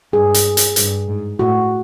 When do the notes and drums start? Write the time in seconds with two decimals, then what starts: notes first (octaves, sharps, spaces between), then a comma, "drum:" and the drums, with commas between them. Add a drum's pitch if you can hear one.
0.13 G2 G#4
0.34 drum: hi-hat
0.57 drum: hi-hat
0.76 G2, drum: hi-hat
1.08 G#2
1.39 A2 F#4